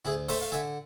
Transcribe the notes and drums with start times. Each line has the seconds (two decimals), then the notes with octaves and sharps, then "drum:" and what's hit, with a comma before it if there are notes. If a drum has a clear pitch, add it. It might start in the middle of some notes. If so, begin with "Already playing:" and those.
0.05 D2 E4 G#4
0.28 A3 C5 E5, drum: open hi-hat
0.41 F5
0.52 D3 E5 G#5